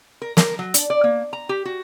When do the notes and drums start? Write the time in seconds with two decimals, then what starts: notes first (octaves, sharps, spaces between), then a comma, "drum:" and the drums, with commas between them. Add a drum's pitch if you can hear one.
0.22 A#4
0.37 A#4, drum: snare
0.59 F#3
0.74 D4, drum: hi-hat
0.90 D5
1.04 A#3
1.33 A#5
1.49 G4
1.65 F#4